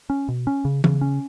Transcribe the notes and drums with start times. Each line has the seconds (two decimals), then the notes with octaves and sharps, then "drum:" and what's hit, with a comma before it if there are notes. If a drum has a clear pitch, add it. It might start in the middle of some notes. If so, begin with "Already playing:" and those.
0.10 C#4
0.28 B2
0.47 C#4
0.65 C#3
0.84 C#3, drum: tom E3
1.01 C#4